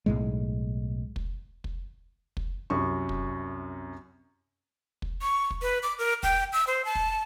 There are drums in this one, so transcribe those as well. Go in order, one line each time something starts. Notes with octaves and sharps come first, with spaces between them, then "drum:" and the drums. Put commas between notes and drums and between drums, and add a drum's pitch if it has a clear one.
B1 A2 G#3
drum: kick
drum: kick
drum: kick
C2 F#2 C#6
drum: kick
drum: kick
C#6
drum: kick
B4
D6
A#4
G5, drum: kick
E6
C5
A5
drum: kick